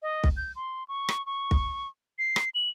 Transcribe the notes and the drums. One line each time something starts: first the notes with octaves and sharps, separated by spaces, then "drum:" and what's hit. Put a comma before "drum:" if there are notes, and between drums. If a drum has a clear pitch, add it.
D#5
drum: kick
G6
C6
C#6
drum: rim click
C#6
drum: kick
C7
drum: rim click
F#7